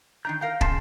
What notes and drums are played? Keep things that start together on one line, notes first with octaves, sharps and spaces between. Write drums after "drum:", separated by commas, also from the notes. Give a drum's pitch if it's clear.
D#3 D4 A#5 G6
A#4 F5 G5
C#3 A5 C6, drum: kick